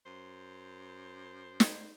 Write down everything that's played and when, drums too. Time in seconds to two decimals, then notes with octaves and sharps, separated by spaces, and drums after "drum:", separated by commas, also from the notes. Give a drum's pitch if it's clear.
0.06 F#2 C5
1.60 drum: snare